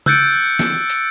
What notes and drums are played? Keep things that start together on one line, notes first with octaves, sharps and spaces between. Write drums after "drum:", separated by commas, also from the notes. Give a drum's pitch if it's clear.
E6 F#6 G6 A6 C#7 D7, drum: tom C#3
drum: snare
drum: hi-hat